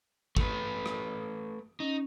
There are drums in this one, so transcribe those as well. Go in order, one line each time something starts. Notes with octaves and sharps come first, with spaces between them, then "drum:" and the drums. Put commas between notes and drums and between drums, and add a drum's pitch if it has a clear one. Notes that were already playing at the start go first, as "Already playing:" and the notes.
A3 B4, drum: kick
drum: rim click
C#4 D#4